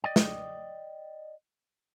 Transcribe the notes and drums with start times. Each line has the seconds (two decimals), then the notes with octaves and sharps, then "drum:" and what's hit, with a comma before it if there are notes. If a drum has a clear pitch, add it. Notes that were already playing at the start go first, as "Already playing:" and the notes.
0.04 D5 D#5 G5
0.16 drum: snare